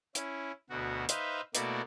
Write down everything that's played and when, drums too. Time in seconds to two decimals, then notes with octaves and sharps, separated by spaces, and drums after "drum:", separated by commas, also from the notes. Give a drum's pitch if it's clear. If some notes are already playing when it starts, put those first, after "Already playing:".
0.15 C#4 E4, drum: hi-hat
0.70 D2 B2 F#4
1.09 D#4 B4 C5 E5 F5, drum: hi-hat
1.55 B2 A3 A#3 E4 F#4 D5, drum: hi-hat